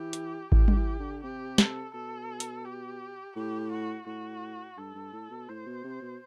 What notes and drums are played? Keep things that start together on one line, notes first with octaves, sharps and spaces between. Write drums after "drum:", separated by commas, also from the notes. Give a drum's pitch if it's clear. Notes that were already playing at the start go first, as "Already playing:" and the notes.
Already playing: E3 G4
drum: hi-hat
E3 G4, drum: kick G#1
D3, drum: tom
E3
D3
C3 G4
A4, drum: snare
B2 A4
drum: hi-hat
G4
A2 G4
F#4
A2 F#4
G2 A4
G2
A2
B2
A2 C5
B2
C3
B2